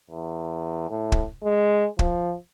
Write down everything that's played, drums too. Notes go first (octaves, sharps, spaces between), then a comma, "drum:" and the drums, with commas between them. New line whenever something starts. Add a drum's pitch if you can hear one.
E2
A2
drum: kick
G#3
F3, drum: kick